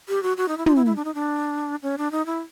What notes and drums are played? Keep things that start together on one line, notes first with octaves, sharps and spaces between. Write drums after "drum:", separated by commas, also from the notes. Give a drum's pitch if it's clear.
G4
F#4
F#4
D#4
E4
F4, drum: tom
E4
E4
D4
D#4
D4
C#4
D4
D#4
E4